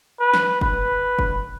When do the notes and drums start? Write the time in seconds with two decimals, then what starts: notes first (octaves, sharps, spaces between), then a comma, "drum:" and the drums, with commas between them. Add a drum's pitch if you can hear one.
0.20 B4
0.34 drum: snare
0.61 B4, drum: kick
1.19 drum: kick